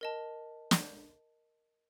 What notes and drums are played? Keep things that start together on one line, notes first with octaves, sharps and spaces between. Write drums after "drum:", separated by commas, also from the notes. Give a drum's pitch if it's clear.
A#4 D#5 A5
drum: snare